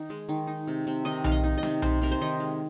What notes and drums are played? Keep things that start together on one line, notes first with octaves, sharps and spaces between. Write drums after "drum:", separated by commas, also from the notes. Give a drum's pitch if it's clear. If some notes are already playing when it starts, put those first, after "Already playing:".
Already playing: D#3 D#4
G#3
D#3
D#4
C3
C3
D#3 D#5
D#3 F5, drum: tom B1
D#5
D#4
D#5
C3, drum: snare
C3 C5, drum: tom B1
C3 A#4
C5
D#3 D#5
G#3